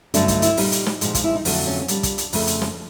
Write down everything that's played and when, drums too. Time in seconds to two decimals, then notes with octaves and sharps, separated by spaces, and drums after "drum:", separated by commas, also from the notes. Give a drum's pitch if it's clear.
0.14 G2 D3 F#3 A3 D4, drum: hi-hat
0.28 D#4, drum: kick, hi-hat
0.42 E4, drum: hi-hat
0.57 A#2 G3 A#3 D#4, drum: open hi-hat
0.72 drum: hi-hat
0.86 drum: snare
1.01 A#2 F3 G#3 F#4, drum: hi-hat
1.15 F4, drum: kick, hi-hat
1.24 E4
1.35 D#4
1.45 F2 D3 F#3 A3 D4, drum: open hi-hat
1.67 C#4
1.81 C#4
1.88 A#2 G3 A#3 D4, drum: hi-hat
2.03 drum: kick, hi-hat
2.18 drum: hi-hat
2.33 F2 C#3 F3 A3, drum: open hi-hat
2.47 drum: hi-hat
2.62 drum: snare